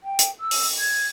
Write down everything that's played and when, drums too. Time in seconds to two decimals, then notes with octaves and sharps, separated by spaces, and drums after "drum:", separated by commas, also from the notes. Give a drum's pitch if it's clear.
0.03 G5
0.19 drum: hi-hat
0.40 E6
0.51 drum: open hi-hat
0.78 G#6